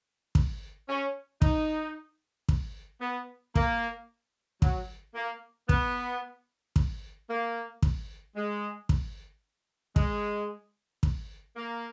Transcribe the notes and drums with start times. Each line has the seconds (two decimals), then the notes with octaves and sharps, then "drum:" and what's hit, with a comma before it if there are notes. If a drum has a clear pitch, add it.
0.35 drum: kick
0.89 C#4
1.42 D#4, drum: kick
2.49 drum: kick
3.02 B3
3.55 A#3, drum: kick
4.62 F#3, drum: kick
5.15 A#3
5.69 B3, drum: kick
6.76 drum: kick
7.29 A#3
7.82 drum: kick
8.36 G#3
8.89 drum: kick
9.96 G#3, drum: kick
11.03 drum: kick
11.56 A#3